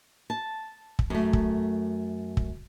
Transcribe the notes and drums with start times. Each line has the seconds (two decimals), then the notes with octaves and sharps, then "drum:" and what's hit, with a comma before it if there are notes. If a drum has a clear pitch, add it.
0.30 A5
0.99 drum: kick
1.10 F#2 A3
1.33 drum: kick
2.37 drum: kick